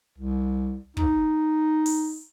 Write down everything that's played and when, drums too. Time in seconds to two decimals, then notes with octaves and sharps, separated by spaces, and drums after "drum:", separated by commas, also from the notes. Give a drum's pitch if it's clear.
0.19 C2
0.97 D#4, drum: kick
1.86 drum: open hi-hat